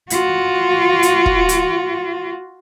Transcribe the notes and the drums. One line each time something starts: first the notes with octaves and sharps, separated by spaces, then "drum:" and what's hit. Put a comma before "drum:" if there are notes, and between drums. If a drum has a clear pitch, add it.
F4 F#4, drum: hi-hat
drum: hi-hat
drum: kick
drum: hi-hat